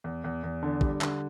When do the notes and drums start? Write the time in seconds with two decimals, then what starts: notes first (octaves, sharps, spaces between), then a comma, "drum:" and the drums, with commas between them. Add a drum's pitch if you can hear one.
0.04 E2
0.24 E2
0.43 E2
0.63 D3
0.81 G3, drum: kick
1.01 D3, drum: clap